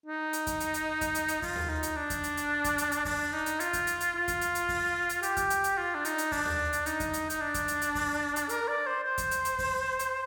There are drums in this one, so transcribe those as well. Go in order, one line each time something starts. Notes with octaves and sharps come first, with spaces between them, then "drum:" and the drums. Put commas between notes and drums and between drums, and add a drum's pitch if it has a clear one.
D#4
drum: hi-hat
drum: kick F2, hi-hat
drum: hi-hat
drum: hi-hat
drum: kick F2, hi-hat
drum: hi-hat
drum: hi-hat
F4, drum: kick F2, open hi-hat
drum: tom D#2
D#4
drum: hi-hat
D4
drum: kick F2, hi-hat
drum: hi-hat
drum: hi-hat
drum: kick F2, hi-hat
drum: hi-hat
drum: hi-hat
D4, drum: kick F2, open hi-hat
D#4
drum: hi-hat
F4, drum: hi-hat
drum: kick F2, hi-hat
drum: hi-hat
drum: hi-hat
F4
drum: kick F2, hi-hat
drum: hi-hat
drum: hi-hat
drum: kick F2, open hi-hat
drum: hi-hat
G4, drum: hi-hat
drum: kick F2, hi-hat
drum: hi-hat
drum: hi-hat
F4
D4
D#4, drum: hi-hat
drum: hi-hat
D4, drum: kick F2, open hi-hat
drum: tom D#2
drum: hi-hat
D#4, drum: hi-hat
drum: kick F2, hi-hat
drum: hi-hat
D#4, drum: hi-hat
D4
drum: kick F2, hi-hat
drum: hi-hat
drum: hi-hat
drum: kick F2, open hi-hat
drum: hi-hat
A#4, drum: hi-hat
D5
C5
C5
drum: kick F2, hi-hat
drum: hi-hat
drum: hi-hat
drum: kick F2, open hi-hat
drum: hi-hat